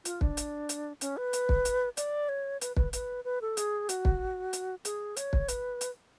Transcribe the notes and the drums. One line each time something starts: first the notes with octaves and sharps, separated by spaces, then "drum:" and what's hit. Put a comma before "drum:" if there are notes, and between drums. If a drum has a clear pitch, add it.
F4, drum: hi-hat
D4, drum: kick
drum: hi-hat
drum: hi-hat
C#4, drum: hi-hat
B4
drum: hi-hat
drum: kick
drum: hi-hat
D5, drum: hi-hat
C#5
B4, drum: hi-hat
B4, drum: kick
B4, drum: hi-hat
B4
A4
G#4, drum: hi-hat
F#4, drum: hi-hat
drum: kick
drum: hi-hat
G#4, drum: hi-hat
C#5, drum: hi-hat
drum: kick
B4, drum: hi-hat
drum: hi-hat